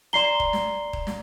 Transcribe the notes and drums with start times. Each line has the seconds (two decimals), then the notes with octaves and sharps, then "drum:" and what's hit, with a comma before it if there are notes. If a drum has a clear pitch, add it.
0.13 D5 A#5 C6 C7 E7 G7
0.40 drum: kick D#1
0.53 drum: snare
0.93 drum: kick D#1
1.07 drum: snare